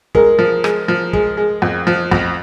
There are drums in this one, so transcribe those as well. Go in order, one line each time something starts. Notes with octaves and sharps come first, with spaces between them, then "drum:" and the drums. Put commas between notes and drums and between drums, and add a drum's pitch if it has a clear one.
G#3 A#4, drum: kick
F3
G#3, drum: rim click
F3
G#3, drum: kick
G#3
F2
F3
F2, drum: kick